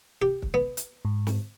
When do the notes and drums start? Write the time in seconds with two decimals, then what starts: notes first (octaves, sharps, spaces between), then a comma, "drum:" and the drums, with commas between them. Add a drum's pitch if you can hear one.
0.22 G4
0.42 drum: kick
0.54 B3
0.77 drum: hi-hat
1.05 G#2
1.27 drum: snare